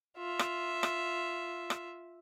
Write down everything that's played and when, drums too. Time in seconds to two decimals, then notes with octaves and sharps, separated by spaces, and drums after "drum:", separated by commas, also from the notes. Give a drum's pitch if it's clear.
0.18 F4 E5
0.39 drum: rim click
0.83 drum: rim click
1.70 drum: rim click